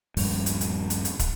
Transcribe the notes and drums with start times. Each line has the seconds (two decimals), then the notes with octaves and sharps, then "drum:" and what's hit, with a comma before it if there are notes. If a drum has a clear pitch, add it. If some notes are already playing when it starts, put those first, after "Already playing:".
0.17 D#1 G2 F3, drum: open hi-hat
0.46 drum: hi-hat
0.61 drum: hi-hat
0.90 drum: hi-hat
1.05 drum: hi-hat
1.19 drum: kick, hi-hat